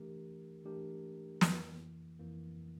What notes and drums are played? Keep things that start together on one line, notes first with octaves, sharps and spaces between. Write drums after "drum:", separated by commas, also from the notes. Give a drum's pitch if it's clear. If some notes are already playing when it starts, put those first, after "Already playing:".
Already playing: E3 A3 D4 G4 A#4
E3 A3 D4 G4 A#4
F2 E3 A#3, drum: snare
F2 E3 A#3